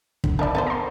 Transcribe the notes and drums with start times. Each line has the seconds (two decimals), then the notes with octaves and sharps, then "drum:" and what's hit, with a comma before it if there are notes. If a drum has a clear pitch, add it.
0.24 D3, drum: kick
0.39 F3 E4 A#4 D5
0.55 B3 G#4 C5 A5
0.67 A#5 C6